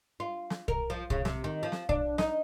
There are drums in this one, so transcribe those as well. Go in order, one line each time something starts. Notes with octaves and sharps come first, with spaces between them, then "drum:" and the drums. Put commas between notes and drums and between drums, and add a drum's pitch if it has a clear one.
F4
drum: snare
A#4, drum: kick
F3
C#3, drum: kick
C3, drum: snare
D#3
F3
drum: snare
D4, drum: kick
D#4, drum: snare